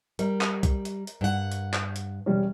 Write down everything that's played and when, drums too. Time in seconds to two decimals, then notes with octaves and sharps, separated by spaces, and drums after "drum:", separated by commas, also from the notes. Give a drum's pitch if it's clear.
0.19 G3 A#4, drum: hi-hat
0.41 drum: clap
0.63 drum: kick, hi-hat
0.85 drum: hi-hat
1.07 drum: hi-hat
1.21 G2 F#5
1.52 drum: hi-hat
1.74 drum: clap
1.96 drum: hi-hat
2.26 E1 G3 C#4